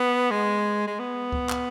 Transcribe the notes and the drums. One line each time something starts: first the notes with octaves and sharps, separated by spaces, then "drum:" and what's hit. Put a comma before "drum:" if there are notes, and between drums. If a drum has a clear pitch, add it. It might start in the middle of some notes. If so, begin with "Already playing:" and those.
Already playing: B3
G#3
G#3
B3
drum: kick C#2
drum: clap